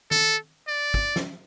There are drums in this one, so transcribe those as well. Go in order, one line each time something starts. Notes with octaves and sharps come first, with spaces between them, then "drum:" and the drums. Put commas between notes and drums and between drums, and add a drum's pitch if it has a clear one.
A4, drum: tom D#3
D5
drum: kick
drum: snare